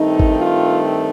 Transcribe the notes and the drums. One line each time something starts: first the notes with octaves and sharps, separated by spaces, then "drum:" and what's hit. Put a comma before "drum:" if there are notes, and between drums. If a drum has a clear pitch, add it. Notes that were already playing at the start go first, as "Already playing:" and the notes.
Already playing: G2 D#3 A3 C4 D#4
drum: kick G#1
F4